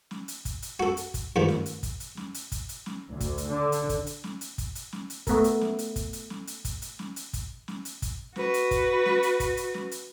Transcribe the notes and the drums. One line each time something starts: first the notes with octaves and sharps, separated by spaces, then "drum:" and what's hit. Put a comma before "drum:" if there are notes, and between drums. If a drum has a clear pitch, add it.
drum: snare
drum: hi-hat
drum: kick, hi-hat
drum: hi-hat
F#4 A4, drum: snare
drum: hi-hat
drum: kick, hi-hat
G2 D#3 F3 A3
drum: snare
drum: hi-hat
drum: kick, hi-hat
drum: hi-hat
drum: snare
drum: hi-hat
drum: kick, hi-hat
drum: hi-hat
drum: snare
D2
drum: kick, hi-hat
drum: hi-hat
D3
drum: hi-hat
drum: kick, hi-hat
drum: hi-hat
drum: snare
drum: hi-hat
drum: kick, hi-hat
drum: hi-hat
drum: snare
drum: hi-hat
A3 B3 A4 A#4, drum: kick, hi-hat
drum: hi-hat
drum: snare
drum: hi-hat
drum: kick, hi-hat
drum: hi-hat
drum: snare
drum: hi-hat
drum: kick, hi-hat
drum: hi-hat
drum: snare
drum: hi-hat
drum: kick, hi-hat
drum: snare
drum: hi-hat
drum: kick, hi-hat
F#4 B4, drum: snare
drum: hi-hat
drum: kick, hi-hat
drum: snare
drum: hi-hat
drum: kick, hi-hat
drum: hi-hat
drum: snare
drum: hi-hat